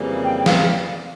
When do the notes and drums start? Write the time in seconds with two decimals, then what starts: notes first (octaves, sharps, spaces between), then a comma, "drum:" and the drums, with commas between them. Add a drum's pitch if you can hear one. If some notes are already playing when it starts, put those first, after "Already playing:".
Already playing: F2 C#3 E3 G3 A#3
0.24 G5
0.46 F5, drum: snare